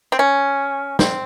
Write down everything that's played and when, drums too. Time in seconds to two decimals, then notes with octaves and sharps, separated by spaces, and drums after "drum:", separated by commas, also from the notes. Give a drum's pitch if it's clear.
0.12 C4
0.19 C#4
0.99 C4, drum: snare